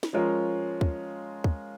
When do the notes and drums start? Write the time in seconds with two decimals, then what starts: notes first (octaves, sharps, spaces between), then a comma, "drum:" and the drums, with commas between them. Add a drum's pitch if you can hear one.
0.03 drum: snare
0.13 F3 G#3 C#4 F4 A#4
0.81 drum: kick
1.44 drum: kick